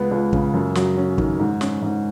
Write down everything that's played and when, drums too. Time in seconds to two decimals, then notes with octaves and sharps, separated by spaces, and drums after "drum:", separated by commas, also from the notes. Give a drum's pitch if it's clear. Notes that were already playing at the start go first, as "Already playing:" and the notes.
Already playing: C#2 B3
0.11 C#2
0.33 C#3, drum: kick
0.53 F#2
0.75 F#3, drum: snare
0.97 C#4
1.18 D#3, drum: kick
1.39 G#2
1.61 C#4, drum: snare
1.82 G#2